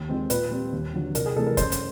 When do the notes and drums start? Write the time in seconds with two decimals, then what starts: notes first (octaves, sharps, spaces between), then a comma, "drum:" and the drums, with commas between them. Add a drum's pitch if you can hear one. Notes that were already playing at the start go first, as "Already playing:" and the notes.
Already playing: D#2
0.09 D#3 G#3 C4
0.30 A#2 B4, drum: hi-hat
0.51 G3 C4
0.72 D#2
0.94 D3 F#3
1.15 C2 A#4, drum: hi-hat
1.26 G#4
1.36 C3 E3 A3 A4
1.47 A#4
1.57 F#2 C5, drum: kick F1, hi-hat
1.72 drum: hi-hat